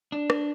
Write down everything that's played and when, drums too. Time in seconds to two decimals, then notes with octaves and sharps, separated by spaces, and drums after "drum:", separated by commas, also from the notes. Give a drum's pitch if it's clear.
0.12 D4
0.30 drum: rim click